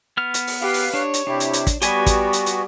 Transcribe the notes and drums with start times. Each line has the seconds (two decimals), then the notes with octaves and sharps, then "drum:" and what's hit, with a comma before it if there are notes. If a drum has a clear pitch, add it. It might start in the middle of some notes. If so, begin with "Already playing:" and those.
0.17 B3 F6
0.34 drum: hi-hat
0.47 drum: open hi-hat
0.61 G4 B4 F5
0.74 drum: open hi-hat
0.94 D4 C#5
1.14 drum: hi-hat
1.27 C3 D4 E4 G4
1.40 drum: hi-hat
1.53 drum: hi-hat
1.67 drum: kick, hi-hat
1.82 G3 B3 F#4 G4 G#5 B5, drum: hi-hat
2.06 drum: kick, hi-hat
2.33 drum: hi-hat
2.46 drum: hi-hat